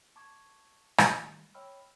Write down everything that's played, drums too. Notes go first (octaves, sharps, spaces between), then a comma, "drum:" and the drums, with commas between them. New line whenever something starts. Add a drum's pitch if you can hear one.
A5 C#6 D6 G#6
D#3 G3 A3, drum: rim click
C#5 D#5 G5 B5 E6 F6